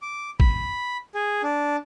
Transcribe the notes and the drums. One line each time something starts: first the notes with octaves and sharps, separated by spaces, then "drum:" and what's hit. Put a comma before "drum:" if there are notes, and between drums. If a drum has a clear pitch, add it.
D6
B5, drum: kick
G#4
D4